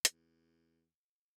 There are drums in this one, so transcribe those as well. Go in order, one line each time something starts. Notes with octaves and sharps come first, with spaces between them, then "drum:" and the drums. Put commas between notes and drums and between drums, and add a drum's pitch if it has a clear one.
E2, drum: hi-hat